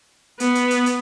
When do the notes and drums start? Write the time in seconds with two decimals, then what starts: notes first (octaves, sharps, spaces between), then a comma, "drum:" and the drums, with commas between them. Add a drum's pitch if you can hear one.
0.40 B3, drum: hi-hat
0.55 drum: hi-hat
0.71 drum: hi-hat
0.86 drum: hi-hat